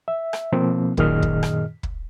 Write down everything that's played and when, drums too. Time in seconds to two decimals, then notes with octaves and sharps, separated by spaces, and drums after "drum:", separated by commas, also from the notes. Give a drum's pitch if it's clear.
0.08 E5
0.33 drum: rim click
0.52 B2 F3 A#3 C4
0.97 F#2 A#2 D#3 G#4 D#5 F6, drum: kick
1.22 drum: kick
1.43 drum: rim click
1.83 drum: kick